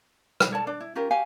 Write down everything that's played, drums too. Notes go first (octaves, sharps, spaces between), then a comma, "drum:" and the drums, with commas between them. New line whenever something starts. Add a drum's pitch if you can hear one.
drum: rim click
A4 C#5 D5 A5
D4 D5
E4
C#4 F4 G4 A#4
F#4 G4 F5 G#5